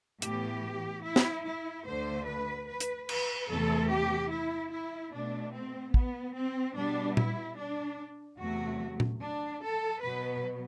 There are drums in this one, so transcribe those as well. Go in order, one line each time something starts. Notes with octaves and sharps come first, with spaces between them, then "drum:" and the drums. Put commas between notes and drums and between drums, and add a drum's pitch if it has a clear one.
A2 E3 B3 G4, drum: hi-hat
E4
drum: snare
E4
D2 D3 A3 C5
B4
B4
drum: hi-hat
B4, drum: cymbal
E2 C3 E3 A3 A4
G4
E4
E4
B2 A3 D4
C4
B3, drum: kick
C4
B2 G3 B3 D4
E4, drum: tom A#2
D4
E2 C3 F#3 A3 F#4
drum: tom A#2
D4
A4
B2 F#3 B3 B4